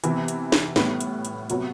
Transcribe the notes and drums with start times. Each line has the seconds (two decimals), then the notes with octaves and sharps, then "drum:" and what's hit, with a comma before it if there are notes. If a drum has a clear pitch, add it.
0.04 C3 E3 B3, drum: hi-hat
0.28 drum: hi-hat
0.52 drum: snare
0.76 A2 G3 B3, drum: snare
1.01 drum: hi-hat
1.25 drum: hi-hat
1.50 C3 F#3 B3 F#4, drum: hi-hat